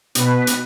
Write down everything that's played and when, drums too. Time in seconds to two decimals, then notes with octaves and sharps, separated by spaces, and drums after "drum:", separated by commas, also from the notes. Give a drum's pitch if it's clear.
0.15 B2 B4, drum: hi-hat
0.47 drum: hi-hat